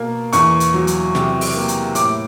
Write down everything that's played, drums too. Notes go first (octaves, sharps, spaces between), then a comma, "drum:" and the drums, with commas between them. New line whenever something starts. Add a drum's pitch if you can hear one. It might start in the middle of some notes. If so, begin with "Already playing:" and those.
Already playing: B2 A#3
E2 C#6, drum: hi-hat
drum: hi-hat
F#3
drum: hi-hat
C3, drum: snare
drum: open hi-hat
A#3
drum: hi-hat
A2 D6, drum: hi-hat